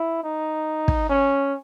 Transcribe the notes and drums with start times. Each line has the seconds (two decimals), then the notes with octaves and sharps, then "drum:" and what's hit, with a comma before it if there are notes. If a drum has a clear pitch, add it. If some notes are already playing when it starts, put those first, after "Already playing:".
Already playing: E4
0.24 D#4
0.88 drum: kick
1.09 C#4